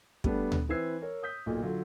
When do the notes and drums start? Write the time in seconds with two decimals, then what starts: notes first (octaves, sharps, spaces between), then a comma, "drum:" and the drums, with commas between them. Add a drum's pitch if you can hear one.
0.24 G3 A3 B3 D4, drum: kick
0.52 drum: tom D2
0.69 E3 C4 B4 E6 G#6 C7
1.02 A#4 C#5
1.23 D#6 G6 B6
1.46 B1 A#2
1.61 D3 F#3 F4